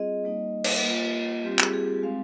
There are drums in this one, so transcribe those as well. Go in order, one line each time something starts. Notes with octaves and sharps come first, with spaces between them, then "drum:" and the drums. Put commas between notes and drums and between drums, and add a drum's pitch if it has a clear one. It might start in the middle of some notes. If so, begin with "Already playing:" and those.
Already playing: G3 C4 F4 G#4 D#5
G3 A#3 D#4
drum: cymbal
A#3 F4
G3 C4 F4 G4
G#4, drum: clap
G#4
G#3 C4 D#4 F5